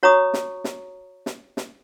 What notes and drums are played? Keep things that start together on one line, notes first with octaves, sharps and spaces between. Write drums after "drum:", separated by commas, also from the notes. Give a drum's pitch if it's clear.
F#4 C#5 A#5 C#6 D#6
drum: snare
drum: snare
drum: snare
drum: snare